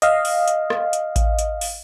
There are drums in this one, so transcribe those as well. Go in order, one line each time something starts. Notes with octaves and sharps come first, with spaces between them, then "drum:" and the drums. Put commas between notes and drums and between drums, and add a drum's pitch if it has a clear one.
D#5 F5, drum: hi-hat
drum: open hi-hat
drum: hi-hat
drum: rim click
drum: hi-hat
drum: kick A1, hi-hat
drum: hi-hat
drum: open hi-hat